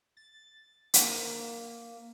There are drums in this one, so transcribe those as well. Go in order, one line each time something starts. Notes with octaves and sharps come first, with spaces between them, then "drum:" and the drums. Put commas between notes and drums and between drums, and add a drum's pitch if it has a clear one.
A6
A#3, drum: hi-hat